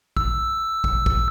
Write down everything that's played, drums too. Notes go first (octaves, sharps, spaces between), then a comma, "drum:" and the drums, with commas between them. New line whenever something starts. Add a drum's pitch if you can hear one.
E6, drum: kick
drum: kick
drum: kick